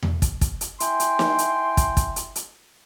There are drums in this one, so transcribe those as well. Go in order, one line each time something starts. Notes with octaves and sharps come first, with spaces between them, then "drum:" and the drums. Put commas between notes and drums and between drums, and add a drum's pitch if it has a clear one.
drum: tom E2
drum: kick, hi-hat
drum: kick, hi-hat
drum: hi-hat
E4 G5 G#5 C6, drum: hi-hat
drum: hi-hat
drum: snare
drum: hi-hat
drum: kick, hi-hat
drum: kick, hi-hat
drum: hi-hat
drum: hi-hat